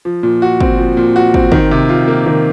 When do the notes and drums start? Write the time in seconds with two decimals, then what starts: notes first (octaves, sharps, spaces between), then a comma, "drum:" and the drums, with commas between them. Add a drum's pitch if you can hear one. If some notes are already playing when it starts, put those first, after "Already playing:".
0.05 F3
0.23 A#2
0.42 F#4
0.61 C4, drum: kick
0.78 F3
0.97 A#2
1.16 F#4
1.34 C4, drum: kick
1.52 D#3, drum: kick
1.71 C3
1.89 F4
2.08 A#3
2.26 D#3